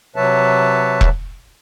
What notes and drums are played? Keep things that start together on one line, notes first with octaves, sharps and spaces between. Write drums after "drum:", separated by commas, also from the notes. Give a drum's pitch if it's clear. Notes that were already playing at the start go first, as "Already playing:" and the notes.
C3 F#3 B4 C#5 E5 A5
drum: kick E1